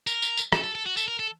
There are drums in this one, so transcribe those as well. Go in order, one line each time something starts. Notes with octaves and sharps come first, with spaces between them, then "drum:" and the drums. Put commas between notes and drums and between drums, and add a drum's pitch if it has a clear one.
A#4, drum: tambourine
drum: tambourine
drum: tambourine
A4, drum: rim click
A4
A4
F#4
A4, drum: tambourine
A#4
A4